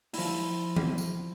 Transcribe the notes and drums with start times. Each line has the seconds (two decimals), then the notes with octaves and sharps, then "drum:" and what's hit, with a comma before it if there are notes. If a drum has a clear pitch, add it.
0.13 F3 E4, drum: open hi-hat
0.76 drum: tom
0.98 drum: tambourine